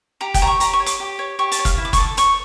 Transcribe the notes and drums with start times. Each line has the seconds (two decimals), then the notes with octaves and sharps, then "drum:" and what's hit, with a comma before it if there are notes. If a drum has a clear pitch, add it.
0.21 G4 A#5
0.34 G5, drum: kick F#1, hi-hat
0.41 C#5 A#5
0.47 C#6
0.60 G4 A#5, drum: hi-hat
0.73 C#6
0.80 C#5
0.86 D6, drum: hi-hat
1.00 G4
1.19 C#5
1.39 G4 C#6
1.52 A5, drum: hi-hat
1.59 C#5
1.65 F5, drum: kick F#1, hi-hat
1.78 E4
1.85 D6
1.93 C#6, drum: kick F#1, hi-hat
1.97 A4 D6
2.17 C#5 C#6, drum: hi-hat